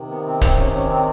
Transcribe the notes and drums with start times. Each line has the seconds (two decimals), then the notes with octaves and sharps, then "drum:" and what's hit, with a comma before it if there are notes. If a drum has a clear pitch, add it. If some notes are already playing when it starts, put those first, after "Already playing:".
Already playing: C3 D#3
0.10 B3
0.26 C4
0.41 C4, drum: kick C#1, hi-hat
0.57 C#4
0.73 C#4
0.89 C4